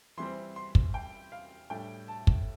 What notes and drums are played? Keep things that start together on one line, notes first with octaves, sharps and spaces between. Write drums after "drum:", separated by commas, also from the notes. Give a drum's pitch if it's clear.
E3 G3 C4 C6
C6
drum: kick
G5
F5
A2 G3 D4 G5
A5
drum: kick